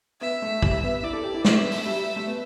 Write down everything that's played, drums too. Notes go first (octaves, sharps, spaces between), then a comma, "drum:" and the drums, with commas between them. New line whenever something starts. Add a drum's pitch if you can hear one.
B3 E5
A3
G3, drum: kick
B3
E4 D5
A4
G4
E4
D4 E5, drum: snare
B3
A3, drum: open hi-hat
G3
G3
A3
B3